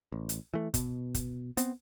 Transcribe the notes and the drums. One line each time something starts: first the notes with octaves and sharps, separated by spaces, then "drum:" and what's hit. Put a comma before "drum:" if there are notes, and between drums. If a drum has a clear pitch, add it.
A1
drum: hi-hat
E3 A3
B2, drum: kick, hi-hat
drum: kick, hi-hat
B3 C4, drum: hi-hat